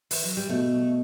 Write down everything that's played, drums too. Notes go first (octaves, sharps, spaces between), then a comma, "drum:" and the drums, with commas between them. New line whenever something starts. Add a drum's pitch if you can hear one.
E3, drum: open hi-hat
F#3
G3
B2 A3